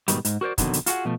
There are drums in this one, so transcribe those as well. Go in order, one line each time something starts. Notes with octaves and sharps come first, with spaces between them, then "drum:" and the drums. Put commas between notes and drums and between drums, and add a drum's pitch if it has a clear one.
G#2 B2 D#3 G3, drum: hi-hat
G#2, drum: hi-hat
F#4 A#4 C5 D5
F2 B2 D3 D#3 F#3, drum: kick, hi-hat
drum: hi-hat
F4 F#4 G#4 F#5, drum: hi-hat
B2 F3 A3